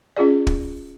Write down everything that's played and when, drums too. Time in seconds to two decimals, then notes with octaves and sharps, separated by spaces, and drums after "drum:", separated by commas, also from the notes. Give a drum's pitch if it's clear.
0.17 C#4 F4 G#4 D5
0.47 drum: kick